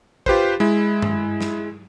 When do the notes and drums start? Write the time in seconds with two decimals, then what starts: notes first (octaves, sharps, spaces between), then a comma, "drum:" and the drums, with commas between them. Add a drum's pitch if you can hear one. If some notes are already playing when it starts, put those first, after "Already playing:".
0.26 F4 G4 B4 C5, drum: kick
0.60 G#3 E4
1.02 drum: tom G2
1.40 drum: snare